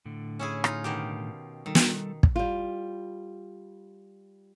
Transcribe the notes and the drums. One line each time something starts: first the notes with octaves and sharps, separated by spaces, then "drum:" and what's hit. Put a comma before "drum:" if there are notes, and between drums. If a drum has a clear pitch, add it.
A2 D3
C#4 E4 G#4
D#4 F4, drum: rim click
B2 D#3 G4
D#3 G3 A4
drum: snare
drum: kick
G3 F4